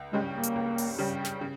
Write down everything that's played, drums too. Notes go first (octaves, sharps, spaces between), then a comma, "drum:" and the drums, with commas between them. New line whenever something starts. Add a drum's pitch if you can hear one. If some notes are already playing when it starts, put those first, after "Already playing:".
Already playing: C#2
C#3 G3 G#3 C#4 G4
A#3
drum: hi-hat
C#2
drum: open hi-hat
C#3 G3 C#4 G4
drum: snare
C#3